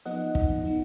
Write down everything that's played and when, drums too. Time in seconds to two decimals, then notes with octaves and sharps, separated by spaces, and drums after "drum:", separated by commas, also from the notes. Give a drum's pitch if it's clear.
0.05 F3 B3 D#4 D#5 F#5
0.35 drum: kick
0.64 F3 B3 D#4